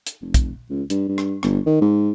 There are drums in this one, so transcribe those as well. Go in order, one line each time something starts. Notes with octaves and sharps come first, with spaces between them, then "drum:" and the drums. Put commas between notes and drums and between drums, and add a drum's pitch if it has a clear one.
drum: hi-hat
F1
drum: kick, hi-hat
C#2
G2, drum: hi-hat
G2
drum: rim click
G1, drum: rim click
D#3
G#2